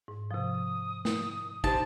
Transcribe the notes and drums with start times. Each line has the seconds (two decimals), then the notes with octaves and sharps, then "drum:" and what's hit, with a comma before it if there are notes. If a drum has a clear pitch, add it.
0.08 G#2
0.31 C3 F3 D#6
1.05 drum: snare
1.64 D#4 G4 C5 A5, drum: kick